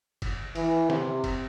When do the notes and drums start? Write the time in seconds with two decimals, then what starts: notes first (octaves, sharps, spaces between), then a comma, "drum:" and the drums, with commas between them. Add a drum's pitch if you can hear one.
0.22 drum: kick F#1, cymbal
0.55 E3, drum: cymbal
0.90 C3, drum: snare
1.24 drum: kick F#1, cymbal